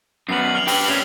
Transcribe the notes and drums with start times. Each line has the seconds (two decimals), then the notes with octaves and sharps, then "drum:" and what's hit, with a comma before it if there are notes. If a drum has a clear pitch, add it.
0.29 F#2 B3 C7 F#7
0.55 F6 F7 F#7
0.68 G4 B4, drum: open hi-hat
0.89 G3 C#4 F7